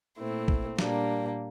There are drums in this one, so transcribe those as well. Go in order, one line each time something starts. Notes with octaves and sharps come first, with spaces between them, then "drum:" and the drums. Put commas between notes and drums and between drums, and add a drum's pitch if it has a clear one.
A#2 A3 C4 E4
drum: kick
A#2 G3 A#3 D4, drum: snare